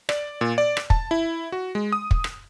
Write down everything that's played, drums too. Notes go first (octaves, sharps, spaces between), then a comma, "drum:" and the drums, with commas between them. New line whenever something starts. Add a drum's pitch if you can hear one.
D5, drum: rim click
A#2
D5
drum: rim click
A5, drum: kick
E4
F#4
G#3
D#6
drum: kick
drum: rim click